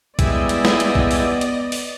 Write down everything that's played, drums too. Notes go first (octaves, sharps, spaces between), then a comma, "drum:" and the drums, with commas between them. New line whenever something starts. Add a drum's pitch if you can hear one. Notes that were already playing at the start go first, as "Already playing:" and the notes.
G3 G#3 B3 E4 D5 D#5, drum: kick, hi-hat
drum: hi-hat
drum: snare
drum: hi-hat
drum: kick
drum: open hi-hat
drum: hi-hat
drum: open hi-hat